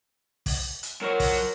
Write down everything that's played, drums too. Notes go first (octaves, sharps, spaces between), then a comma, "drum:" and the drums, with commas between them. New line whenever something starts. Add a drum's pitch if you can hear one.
drum: kick, open hi-hat
drum: hi-hat
F3 F#3 C#4 A#4 C#5
drum: kick, open hi-hat